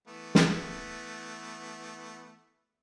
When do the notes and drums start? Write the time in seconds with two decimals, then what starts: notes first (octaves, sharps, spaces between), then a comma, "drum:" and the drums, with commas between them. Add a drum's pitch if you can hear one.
0.07 E3 A3 B3
0.35 drum: snare